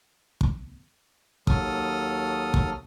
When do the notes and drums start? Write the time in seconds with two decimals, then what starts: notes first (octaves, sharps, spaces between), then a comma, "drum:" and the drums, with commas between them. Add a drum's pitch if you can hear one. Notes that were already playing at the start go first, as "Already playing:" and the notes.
0.41 drum: kick
1.47 D#2 F#3 A4 D#6 F6, drum: kick
2.54 drum: kick